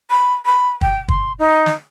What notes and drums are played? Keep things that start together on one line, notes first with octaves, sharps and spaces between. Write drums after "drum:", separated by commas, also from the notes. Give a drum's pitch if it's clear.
B5
B5
G5, drum: kick
C6, drum: kick
D#4
drum: snare